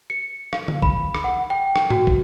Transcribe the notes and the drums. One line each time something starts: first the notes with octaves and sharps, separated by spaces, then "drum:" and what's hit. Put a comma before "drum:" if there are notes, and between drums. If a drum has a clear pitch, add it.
C#7
F5, drum: rim click
drum: tom D3
B5, drum: kick
drum: rim click
F#5
G5
G5, drum: rim click
F#4, drum: tom G#2
drum: kick